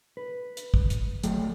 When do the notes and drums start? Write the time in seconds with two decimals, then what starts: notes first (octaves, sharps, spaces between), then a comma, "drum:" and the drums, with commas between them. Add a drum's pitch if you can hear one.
0.17 B4
0.57 drum: hi-hat
0.74 drum: kick
0.90 drum: hi-hat
1.24 F#3 A3 G#4 G5, drum: hi-hat